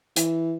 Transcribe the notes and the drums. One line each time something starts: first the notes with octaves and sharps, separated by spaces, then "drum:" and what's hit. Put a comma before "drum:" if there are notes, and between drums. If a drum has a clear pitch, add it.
E3, drum: hi-hat